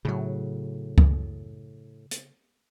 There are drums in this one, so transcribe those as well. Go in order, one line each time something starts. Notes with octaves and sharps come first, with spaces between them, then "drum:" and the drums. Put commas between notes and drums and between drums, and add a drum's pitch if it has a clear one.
A2 C#3 F#3
drum: kick C#2
drum: hi-hat